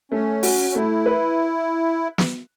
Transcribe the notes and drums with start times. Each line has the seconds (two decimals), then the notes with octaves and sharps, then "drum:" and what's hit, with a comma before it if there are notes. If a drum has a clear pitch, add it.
0.12 A3 C#4
0.43 F#4, drum: open hi-hat
0.70 C#4
0.75 A3 E4
1.06 B4
2.18 drum: snare